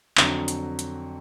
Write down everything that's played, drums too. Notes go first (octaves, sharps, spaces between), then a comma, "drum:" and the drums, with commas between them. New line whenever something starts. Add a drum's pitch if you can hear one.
F2 D3 F#3, drum: clap
drum: hi-hat
drum: hi-hat